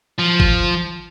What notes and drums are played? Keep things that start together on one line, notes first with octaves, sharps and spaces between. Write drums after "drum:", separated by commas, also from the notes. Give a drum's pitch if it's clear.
F3
drum: kick